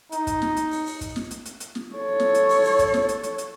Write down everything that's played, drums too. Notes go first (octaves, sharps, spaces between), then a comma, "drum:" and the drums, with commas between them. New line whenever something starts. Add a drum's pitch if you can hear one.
D#4, drum: hi-hat
drum: kick, hi-hat
drum: snare
drum: hi-hat
drum: open hi-hat
drum: open hi-hat
drum: kick, hi-hat
drum: snare
drum: hi-hat
drum: hi-hat
drum: hi-hat
drum: snare
A4 C#5
drum: snare
drum: hi-hat
drum: open hi-hat
drum: open hi-hat
drum: kick, hi-hat
drum: snare
drum: hi-hat
drum: hi-hat
drum: hi-hat